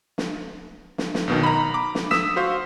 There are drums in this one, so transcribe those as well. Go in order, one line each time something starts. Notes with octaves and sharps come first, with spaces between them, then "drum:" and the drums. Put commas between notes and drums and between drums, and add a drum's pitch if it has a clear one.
drum: snare
drum: snare
drum: snare
B1 B2 D#3
A#5 B5
D6
drum: snare
D#6 E6 B6 E7, drum: snare
F#4 C5 F5